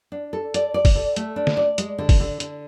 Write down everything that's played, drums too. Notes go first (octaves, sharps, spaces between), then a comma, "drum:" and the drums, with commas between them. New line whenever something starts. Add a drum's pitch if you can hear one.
D4
A4
D5, drum: hi-hat
D5
drum: kick F#1, open hi-hat
A4
A3, drum: hi-hat
D4
drum: snare
D5
G#3, drum: hi-hat
D3
drum: kick F#1, open hi-hat
D3
D3, drum: hi-hat